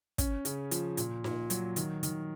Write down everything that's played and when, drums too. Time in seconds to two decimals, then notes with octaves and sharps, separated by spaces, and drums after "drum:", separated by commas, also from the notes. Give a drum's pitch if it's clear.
0.18 C#4, drum: kick, hi-hat
0.45 C#3, drum: hi-hat
0.71 F3, drum: hi-hat
0.97 A#2, drum: hi-hat
1.24 A#2, drum: snare D#4
1.50 F#3, drum: hi-hat
1.76 D#3, drum: hi-hat
2.03 D#3, drum: hi-hat